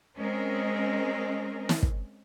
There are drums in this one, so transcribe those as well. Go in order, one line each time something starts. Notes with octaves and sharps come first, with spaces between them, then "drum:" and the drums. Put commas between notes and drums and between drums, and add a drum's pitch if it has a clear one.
G#3 C4 C#4 A#4 D#5
drum: snare
drum: kick